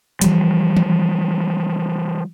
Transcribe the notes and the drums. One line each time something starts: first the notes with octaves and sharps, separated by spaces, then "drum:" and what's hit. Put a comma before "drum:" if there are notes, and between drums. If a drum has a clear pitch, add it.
E3 F3 G3, drum: hi-hat
drum: tom E3